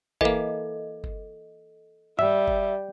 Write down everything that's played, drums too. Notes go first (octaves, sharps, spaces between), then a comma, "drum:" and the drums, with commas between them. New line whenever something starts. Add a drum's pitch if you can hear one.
E3 A#3 A4 D#5, drum: kick
drum: kick
G3 E5, drum: tom G2
drum: kick